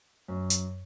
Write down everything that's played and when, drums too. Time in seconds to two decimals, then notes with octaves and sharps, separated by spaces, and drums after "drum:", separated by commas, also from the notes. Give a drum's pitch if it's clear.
0.28 F#2
0.50 drum: hi-hat